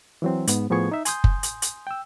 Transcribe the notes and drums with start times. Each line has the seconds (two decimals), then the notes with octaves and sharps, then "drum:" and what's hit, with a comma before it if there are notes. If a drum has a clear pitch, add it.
0.22 E3 F#3 C4
0.47 G#2 B3, drum: hi-hat
0.70 A2 F3 B3 G#4 C#6 G#6
0.92 D#4 E5
1.05 G#5 C6 D#6 G6, drum: hi-hat
1.24 drum: kick F#1
1.43 drum: hi-hat
1.62 drum: hi-hat
1.87 G5 E6